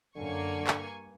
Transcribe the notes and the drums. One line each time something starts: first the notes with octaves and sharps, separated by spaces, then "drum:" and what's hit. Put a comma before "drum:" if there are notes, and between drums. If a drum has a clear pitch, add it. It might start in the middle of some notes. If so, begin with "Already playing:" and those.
F#2 D3 A#3 G#5 C#6
G2, drum: clap